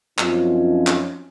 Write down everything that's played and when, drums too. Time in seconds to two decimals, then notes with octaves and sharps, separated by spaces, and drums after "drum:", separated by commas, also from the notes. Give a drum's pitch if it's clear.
0.19 F#2 F3 C4 C#4 D#4 F4, drum: clap
0.87 drum: clap